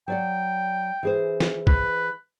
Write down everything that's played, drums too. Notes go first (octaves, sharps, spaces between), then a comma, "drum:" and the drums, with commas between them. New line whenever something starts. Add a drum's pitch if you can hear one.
F#3 D5 F#5 G5
E3 G#4 C5
drum: snare
B4, drum: kick